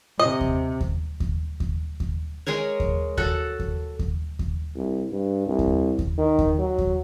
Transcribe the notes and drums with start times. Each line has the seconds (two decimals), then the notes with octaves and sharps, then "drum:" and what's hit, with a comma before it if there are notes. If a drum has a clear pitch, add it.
0.20 C3 D#5
0.41 drum: kick D#2
0.80 drum: kick D#2
1.20 drum: kick D#2
1.60 drum: kick D#2
2.00 drum: kick D#2
2.47 G#3 G#4 A#4 C#5
2.80 drum: kick D#2
3.17 F#4 A4 F#5, drum: kick D#2
3.59 drum: kick D#2
3.99 drum: kick D#2
4.39 drum: kick D#2
4.75 C2
5.11 G2
5.46 C2
5.59 drum: kick D#2
5.99 drum: kick D#2
6.18 D#3
6.39 drum: kick D#2
6.58 F#3
6.78 drum: kick D#2